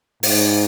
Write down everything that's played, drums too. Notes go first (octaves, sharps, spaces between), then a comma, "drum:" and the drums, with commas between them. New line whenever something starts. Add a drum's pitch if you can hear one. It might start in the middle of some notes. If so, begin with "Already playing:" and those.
G#2, drum: open hi-hat